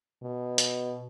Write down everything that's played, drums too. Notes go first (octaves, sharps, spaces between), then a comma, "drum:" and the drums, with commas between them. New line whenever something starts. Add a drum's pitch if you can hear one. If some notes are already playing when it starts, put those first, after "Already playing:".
B2
drum: hi-hat